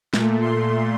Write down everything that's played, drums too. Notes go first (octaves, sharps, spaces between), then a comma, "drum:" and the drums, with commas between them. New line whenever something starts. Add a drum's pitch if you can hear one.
A#2 A3, drum: snare
C6